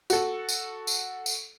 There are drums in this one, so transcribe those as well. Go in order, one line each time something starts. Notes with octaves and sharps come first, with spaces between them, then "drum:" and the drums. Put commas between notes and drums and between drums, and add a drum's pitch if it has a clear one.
F#4 A4, drum: tambourine
drum: tambourine
drum: tambourine
drum: tambourine